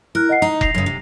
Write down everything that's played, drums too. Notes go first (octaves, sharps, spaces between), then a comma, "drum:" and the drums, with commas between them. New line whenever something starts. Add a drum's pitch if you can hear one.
E4 A#4 F6 F#6
D#5 F#5 C7
D#4 A#5
A#6 C7 F7, drum: kick F1
F#2 C#3
C3